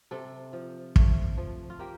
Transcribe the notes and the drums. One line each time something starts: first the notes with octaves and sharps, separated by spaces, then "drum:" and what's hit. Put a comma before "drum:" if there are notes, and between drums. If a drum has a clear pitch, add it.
C3 A4
F3
A3, drum: kick
F3
F4
A#3 G4